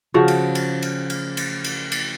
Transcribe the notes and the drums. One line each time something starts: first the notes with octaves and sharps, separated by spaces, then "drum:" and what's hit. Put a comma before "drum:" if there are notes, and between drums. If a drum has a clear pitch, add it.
C#3 F3 F#4
drum: cymbal
drum: cymbal
drum: cymbal
drum: cymbal
drum: cymbal
drum: cymbal
drum: cymbal